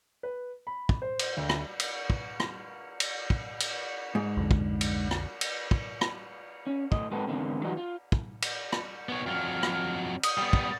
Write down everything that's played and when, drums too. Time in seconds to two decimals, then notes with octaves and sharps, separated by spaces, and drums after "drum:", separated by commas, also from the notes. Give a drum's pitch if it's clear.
0.23 B4
0.67 B5
0.89 drum: kick
1.02 C5
1.19 drum: cymbal
1.37 D2
1.49 drum: rim click
1.80 drum: cymbal
2.10 drum: kick
2.40 drum: rim click
3.00 drum: cymbal
3.30 drum: kick
3.60 drum: cymbal
4.15 G#2
4.37 B1 F2 D3
4.51 drum: kick
4.81 drum: cymbal
5.11 drum: rim click
5.41 drum: cymbal
5.71 drum: kick
6.01 drum: rim click
6.67 C#4
6.92 A2 D#5, drum: kick
7.11 G#3 A#3 C4 F#4 A4 B4
7.28 E2 G#2 D3 G#3 A#3 C4
7.63 E3 F#3 G3 D#4 F4 F#4
7.77 F4
8.12 drum: kick
8.42 drum: cymbal
8.72 drum: rim click
9.09 B3 C#5
9.26 F2 F#3 F6
9.63 drum: rim click
10.23 D#6, drum: cymbal
10.38 G3 B3
10.53 drum: kick